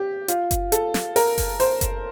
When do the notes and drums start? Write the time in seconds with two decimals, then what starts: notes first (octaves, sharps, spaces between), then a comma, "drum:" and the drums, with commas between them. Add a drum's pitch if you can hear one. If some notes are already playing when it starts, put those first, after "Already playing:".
Already playing: G4
0.28 F4, drum: hi-hat
0.51 drum: kick F#1, hi-hat
0.72 A4, drum: hi-hat
0.94 drum: snare
1.16 A#4, drum: open hi-hat
1.38 drum: kick F#1, open hi-hat
1.60 C5, drum: open hi-hat
1.81 drum: kick F#1, hi-hat